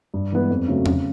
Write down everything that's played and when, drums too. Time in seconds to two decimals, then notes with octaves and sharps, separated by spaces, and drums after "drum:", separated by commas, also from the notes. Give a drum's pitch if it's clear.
0.14 G2
0.32 E3 G#3 B3
0.50 F2
0.68 C#3 F#3 A3
0.86 C#3, drum: tom E2